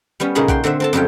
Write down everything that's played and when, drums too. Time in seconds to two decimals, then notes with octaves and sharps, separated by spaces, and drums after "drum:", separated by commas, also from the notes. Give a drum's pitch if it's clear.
0.20 G3 B3 C#4
0.35 A#2 C#3 A#3 D#4 G#4 B5
0.48 F#5 G5 C6, drum: kick A#1
0.64 D3 C4 E5 F#5
0.80 C4 A4 A5
0.93 F2 C#3 F#3 G3 C#5 G5